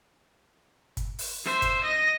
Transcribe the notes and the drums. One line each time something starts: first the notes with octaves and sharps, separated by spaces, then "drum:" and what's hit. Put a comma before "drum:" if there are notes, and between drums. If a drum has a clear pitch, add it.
drum: kick G1, hi-hat
drum: open hi-hat
C5 E5
drum: kick G1, hi-hat
D#5 A#6